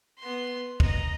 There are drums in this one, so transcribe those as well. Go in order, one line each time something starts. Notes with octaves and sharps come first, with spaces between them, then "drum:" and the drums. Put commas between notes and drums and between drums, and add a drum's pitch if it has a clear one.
B3 C6
D#5 A#5, drum: kick